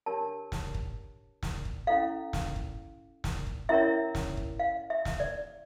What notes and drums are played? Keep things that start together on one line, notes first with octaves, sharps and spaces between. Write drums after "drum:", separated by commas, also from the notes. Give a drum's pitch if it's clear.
D4 G4 A#4 C#5 A5
drum: snare
drum: kick
drum: snare
drum: kick
C#4 E4 A4 F5
drum: snare
drum: kick
drum: snare
drum: kick
C#4 E4 A#4 C#5 E5
drum: snare
drum: kick
F5
E5
drum: snare
D5